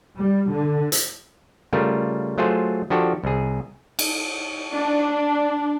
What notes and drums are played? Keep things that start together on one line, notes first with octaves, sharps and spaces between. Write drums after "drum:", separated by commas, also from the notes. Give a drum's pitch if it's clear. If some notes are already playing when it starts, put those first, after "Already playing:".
G3
D3
drum: hi-hat
C#3 G3 A3 F4 A#4
F#3 A3 F4 G#4 C5
F3 D4 F#4 G4 A4
C2 G#4
drum: cymbal
D4